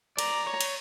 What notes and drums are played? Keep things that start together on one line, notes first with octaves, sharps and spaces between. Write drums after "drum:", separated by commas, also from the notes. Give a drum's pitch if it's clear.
D5 A#5, drum: cymbal
C#5
drum: cymbal